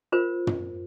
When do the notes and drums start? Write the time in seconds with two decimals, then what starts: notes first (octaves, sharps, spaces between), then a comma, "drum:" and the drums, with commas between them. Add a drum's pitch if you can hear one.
0.12 F4 A#4 C5
0.47 drum: tom